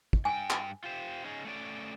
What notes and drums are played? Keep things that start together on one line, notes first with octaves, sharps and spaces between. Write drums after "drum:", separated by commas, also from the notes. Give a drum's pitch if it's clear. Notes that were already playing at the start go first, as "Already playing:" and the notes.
drum: kick
G2 G5 G#5
drum: clap
F4 G4 C5
C#4 D#4 G#4
A3 C#4 D5